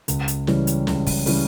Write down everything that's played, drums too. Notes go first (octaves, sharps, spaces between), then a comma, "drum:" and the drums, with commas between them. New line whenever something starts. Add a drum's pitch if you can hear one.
C#2, drum: hi-hat
drum: hi-hat
C#3 E3 G3 C#4, drum: snare
drum: hi-hat
C#2, drum: snare
drum: kick, open hi-hat
C#3 E3 G3 C#4, drum: open hi-hat